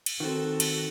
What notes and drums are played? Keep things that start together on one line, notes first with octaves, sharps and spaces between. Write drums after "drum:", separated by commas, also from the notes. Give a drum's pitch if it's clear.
drum: cymbal
D#3 C4 F#4 A4
drum: cymbal